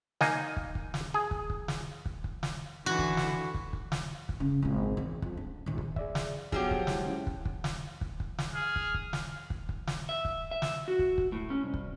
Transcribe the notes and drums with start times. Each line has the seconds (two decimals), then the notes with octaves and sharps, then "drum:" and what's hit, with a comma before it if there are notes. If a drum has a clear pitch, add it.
0.21 A#3 D#4 D#5 G#5, drum: snare
0.57 drum: kick
0.75 drum: kick
0.94 drum: snare
1.14 G#4
1.31 drum: kick
1.50 drum: kick
1.68 drum: snare
2.05 drum: kick
2.24 drum: kick
2.43 drum: snare
2.86 D3 E3 F#4
2.99 drum: kick
3.17 drum: snare
3.54 drum: kick
3.73 drum: kick
3.92 drum: snare
4.29 drum: kick
4.40 C#3
4.62 G#1 A#2
4.97 E2
5.22 F2, drum: kick
5.37 D4
5.66 A#1 D#3
5.78 drum: kick
5.96 G#4 D5 E5, drum: kick
6.15 drum: snare
6.52 F3 F#3 B3 G4 G#4, drum: kick
6.71 drum: kick
6.87 G#3 E4, drum: snare
7.05 G#3 C#4 E4
7.27 drum: kick
7.45 drum: kick
7.64 drum: snare
8.01 drum: kick
8.20 drum: kick
8.38 drum: snare
8.54 G#4 F6
8.76 drum: kick
8.94 drum: kick
9.13 drum: snare
9.50 drum: kick
9.69 drum: kick
9.87 drum: snare
10.09 E5
10.25 drum: kick
10.51 E5
10.62 drum: snare
10.88 F#4
10.99 drum: kick
11.18 drum: kick
11.32 A2
11.50 C#4
11.64 C2
11.74 drum: kick